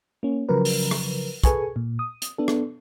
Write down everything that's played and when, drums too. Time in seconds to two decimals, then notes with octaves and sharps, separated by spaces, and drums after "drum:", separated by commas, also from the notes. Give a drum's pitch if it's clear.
0.23 A#3 C#4
0.49 C#3 F3 F#3 A#4 B4
0.65 drum: open hi-hat
0.91 drum: rim click
1.44 G#4 A4 B4 G#5 C#6, drum: kick, hi-hat
1.76 A#2
1.99 D#6
2.22 drum: hi-hat
2.38 B3 D4 A4
2.48 drum: rim click